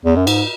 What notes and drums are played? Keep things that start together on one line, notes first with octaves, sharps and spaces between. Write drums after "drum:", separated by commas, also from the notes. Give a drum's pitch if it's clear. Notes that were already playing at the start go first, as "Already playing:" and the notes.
E2
F#2
G#2, drum: cymbal